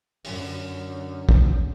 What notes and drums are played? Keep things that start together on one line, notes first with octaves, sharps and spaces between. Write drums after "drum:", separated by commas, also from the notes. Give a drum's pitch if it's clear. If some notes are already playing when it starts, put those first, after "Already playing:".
F#2 D3, drum: open hi-hat
drum: kick